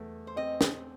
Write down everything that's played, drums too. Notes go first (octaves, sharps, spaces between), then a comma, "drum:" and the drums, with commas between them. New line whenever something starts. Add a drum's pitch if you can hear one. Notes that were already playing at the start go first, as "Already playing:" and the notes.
Already playing: E2 A3
C5
C4 D#5
drum: snare